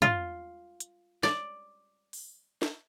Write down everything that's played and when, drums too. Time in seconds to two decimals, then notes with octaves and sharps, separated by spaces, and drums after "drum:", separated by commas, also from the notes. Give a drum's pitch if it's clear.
0.02 F4, drum: tom
0.80 drum: hi-hat
1.23 D5, drum: snare
2.13 drum: open hi-hat
2.62 drum: snare